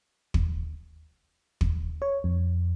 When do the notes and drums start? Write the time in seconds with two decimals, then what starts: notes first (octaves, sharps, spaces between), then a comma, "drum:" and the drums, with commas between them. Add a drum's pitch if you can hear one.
0.34 drum: kick
1.61 drum: kick
2.02 C#5
2.24 F2